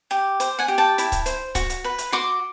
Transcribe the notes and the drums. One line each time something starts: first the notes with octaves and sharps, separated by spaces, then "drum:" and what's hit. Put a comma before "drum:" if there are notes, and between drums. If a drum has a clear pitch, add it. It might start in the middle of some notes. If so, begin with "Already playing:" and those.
G4
C5, drum: hi-hat
F#5 G#5
G4
G5 A5
E4, drum: hi-hat
drum: kick C#1, hi-hat
C5, drum: hi-hat
F#4, drum: kick C#1, hi-hat
drum: hi-hat
B4
drum: hi-hat
F#4 C6 D6